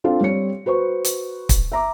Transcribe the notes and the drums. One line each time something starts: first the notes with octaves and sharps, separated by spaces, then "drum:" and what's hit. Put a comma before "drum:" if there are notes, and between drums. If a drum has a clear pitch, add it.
C4 D4 F4 A4 F5
G3 C4 C#5 C#7
F#4 B4 C5 C#6
drum: hi-hat
drum: kick, hi-hat
E5 A#5 D6